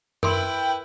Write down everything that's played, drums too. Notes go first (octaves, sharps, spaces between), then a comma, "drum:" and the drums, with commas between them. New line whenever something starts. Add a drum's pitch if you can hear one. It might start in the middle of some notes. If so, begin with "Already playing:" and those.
E4 A#4 B4 G5 C6, drum: tom F#2